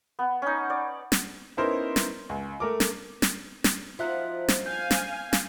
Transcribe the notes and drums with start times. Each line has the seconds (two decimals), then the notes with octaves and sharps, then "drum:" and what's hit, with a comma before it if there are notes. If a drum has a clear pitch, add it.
0.19 B3
0.42 C#4 D#4
0.70 D5 C#6
1.12 drum: snare
1.57 B3 C#4 D#4 E4 A#4 C5
1.96 drum: snare
2.29 C#2
2.60 A3 A#4 D6
2.80 drum: snare
3.22 drum: snare
3.64 drum: snare
3.99 F3 D#4 F4 F#4 E5 F#6
4.48 drum: snare
4.66 F5 G#5 G6
4.91 drum: snare
5.33 drum: snare